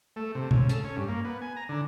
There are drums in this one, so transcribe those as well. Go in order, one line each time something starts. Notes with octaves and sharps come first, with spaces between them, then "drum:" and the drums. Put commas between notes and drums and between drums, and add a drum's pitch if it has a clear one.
A3
C3
C#3, drum: tom
A4, drum: hi-hat
C#4
G2
A#3
B3
G#5
A#5
D3